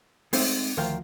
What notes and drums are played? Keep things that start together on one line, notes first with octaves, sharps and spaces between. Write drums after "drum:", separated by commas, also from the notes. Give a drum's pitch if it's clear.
G#3 A3 C4 D#4, drum: open hi-hat
D2 D#3 F3 A#4 F5 G5